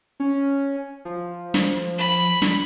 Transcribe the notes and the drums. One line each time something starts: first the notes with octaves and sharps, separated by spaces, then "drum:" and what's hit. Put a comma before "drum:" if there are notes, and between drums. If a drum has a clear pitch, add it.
C#4
F3
drum: snare
B5
drum: snare